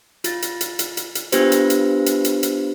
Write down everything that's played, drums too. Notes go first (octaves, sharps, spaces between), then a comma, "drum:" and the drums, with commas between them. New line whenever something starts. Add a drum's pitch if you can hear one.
F4 A6, drum: hi-hat
drum: hi-hat
drum: hi-hat
drum: hi-hat
drum: hi-hat
drum: hi-hat
B3 D4 F4 G4 B4 C5, drum: hi-hat
drum: hi-hat
drum: hi-hat
drum: hi-hat
drum: hi-hat
drum: hi-hat